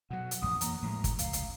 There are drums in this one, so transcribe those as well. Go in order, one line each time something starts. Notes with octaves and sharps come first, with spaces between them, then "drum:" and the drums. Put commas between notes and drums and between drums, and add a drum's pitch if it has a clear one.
B2 F#3 F#5
drum: hi-hat
A1 F2 D#6
E3 A#3 A#5, drum: hi-hat
A2 F3 G#3 A#5
drum: kick, hi-hat
C#2 F5, drum: hi-hat
drum: hi-hat